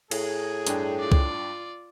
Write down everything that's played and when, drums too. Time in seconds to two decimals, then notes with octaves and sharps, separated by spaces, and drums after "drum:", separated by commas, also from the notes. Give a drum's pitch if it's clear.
0.11 A2 G#4, drum: cymbal
0.67 G2 D4 G5, drum: hi-hat
0.99 F4 D5
1.12 drum: kick C2